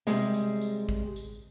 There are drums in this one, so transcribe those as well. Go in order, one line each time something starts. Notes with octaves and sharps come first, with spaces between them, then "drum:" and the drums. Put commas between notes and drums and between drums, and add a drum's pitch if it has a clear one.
C3 G3 G#3, drum: snare
drum: tambourine
drum: tambourine
drum: kick A1
drum: tambourine